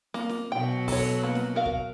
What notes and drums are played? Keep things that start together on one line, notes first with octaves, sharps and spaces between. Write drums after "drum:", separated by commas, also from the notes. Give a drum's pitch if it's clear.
A#3, drum: snare
drum: snare
B2 F#3 G5
A4 C#5, drum: kick, open hi-hat
A#3 B4
drum: snare
F#4 A#4 F5
drum: kick